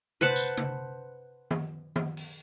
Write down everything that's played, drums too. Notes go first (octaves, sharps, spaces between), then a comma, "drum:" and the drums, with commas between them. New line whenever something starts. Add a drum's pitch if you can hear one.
B4 C5 F#5 A5, drum: tom C3
drum: tambourine
drum: tom C3
drum: tom D#3
drum: tom D#3
drum: open hi-hat